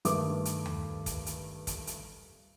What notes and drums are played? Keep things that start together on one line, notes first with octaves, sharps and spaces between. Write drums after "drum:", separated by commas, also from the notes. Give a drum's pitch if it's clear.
G2 D#3 A3 A4 B4 D6, drum: hi-hat
drum: hi-hat
drum: tom D#2
drum: kick, hi-hat
drum: hi-hat
drum: kick, hi-hat
drum: hi-hat